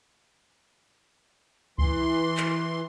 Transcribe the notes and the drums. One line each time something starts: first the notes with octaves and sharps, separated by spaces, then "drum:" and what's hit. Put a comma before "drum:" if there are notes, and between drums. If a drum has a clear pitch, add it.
E3 C6, drum: kick C#2
drum: clap